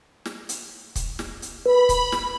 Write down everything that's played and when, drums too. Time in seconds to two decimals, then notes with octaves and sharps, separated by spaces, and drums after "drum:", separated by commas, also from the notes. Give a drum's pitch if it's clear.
0.25 drum: snare
0.49 drum: hi-hat
0.96 drum: kick, hi-hat
1.19 drum: snare
1.42 drum: hi-hat
1.66 B4 B5
1.89 drum: kick, hi-hat
2.12 drum: snare